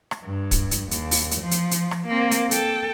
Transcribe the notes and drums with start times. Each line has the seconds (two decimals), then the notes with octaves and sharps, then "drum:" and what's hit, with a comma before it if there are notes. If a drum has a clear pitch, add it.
0.11 drum: rim click
0.23 G2
0.51 drum: kick, hi-hat
0.71 drum: hi-hat
0.91 D#2, drum: hi-hat
1.11 drum: open hi-hat
1.31 drum: hi-hat
1.41 F3
1.51 drum: hi-hat
1.71 drum: hi-hat
1.91 drum: rim click
2.07 A#3 C4
2.31 drum: hi-hat
2.51 A4 G5, drum: hi-hat